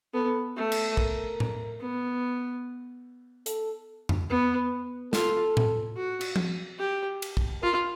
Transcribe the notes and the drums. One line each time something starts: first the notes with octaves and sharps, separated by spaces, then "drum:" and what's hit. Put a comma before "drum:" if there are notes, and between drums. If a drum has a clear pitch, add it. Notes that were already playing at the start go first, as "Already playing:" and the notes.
B3 A4
A3
drum: cymbal
A#4, drum: kick
drum: tom A2
B3
A4, drum: hi-hat
drum: tom F2
B3
F4 A4, drum: snare
drum: tom A2
F#4
drum: cymbal
drum: tom F3
G4
drum: cymbal
drum: kick
F4 A#4